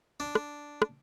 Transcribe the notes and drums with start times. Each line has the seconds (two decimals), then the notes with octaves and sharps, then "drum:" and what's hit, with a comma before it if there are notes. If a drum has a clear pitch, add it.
0.20 D4
0.35 drum: rim click
0.82 drum: rim click